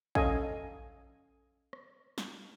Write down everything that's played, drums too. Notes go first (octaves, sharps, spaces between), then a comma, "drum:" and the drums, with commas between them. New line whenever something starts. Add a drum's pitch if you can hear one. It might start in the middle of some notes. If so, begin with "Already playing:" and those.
C#4 A4 D#5 F5 G#5, drum: kick A#1
drum: rim click
drum: snare